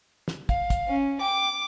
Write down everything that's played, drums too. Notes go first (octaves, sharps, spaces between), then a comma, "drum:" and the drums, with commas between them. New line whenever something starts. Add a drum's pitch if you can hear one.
drum: snare
F5, drum: kick
drum: kick, hi-hat
C#4
G5 D6